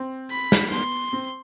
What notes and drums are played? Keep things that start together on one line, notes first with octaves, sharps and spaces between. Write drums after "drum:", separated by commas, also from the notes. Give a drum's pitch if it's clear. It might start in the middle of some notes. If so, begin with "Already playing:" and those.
Already playing: C4
B5
drum: snare
B3 C6
C4